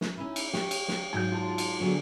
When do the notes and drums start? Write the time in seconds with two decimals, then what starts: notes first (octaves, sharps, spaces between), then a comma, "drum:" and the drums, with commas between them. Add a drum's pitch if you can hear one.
0.01 drum: snare
0.17 C#4 D#4 E4
0.36 drum: cymbal
0.53 G4 C#5, drum: snare
0.71 drum: cymbal
0.88 drum: snare
1.13 G#2 F#3 G#5 G6
1.32 F4 A5 C6
1.58 drum: cymbal
1.80 D3 F#3 B3 G#4